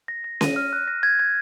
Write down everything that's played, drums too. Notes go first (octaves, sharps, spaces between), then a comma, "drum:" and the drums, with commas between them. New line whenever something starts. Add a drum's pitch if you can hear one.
A#6
A#6
D#7, drum: snare C#4
F6
F#6
A#6
G#6
G#6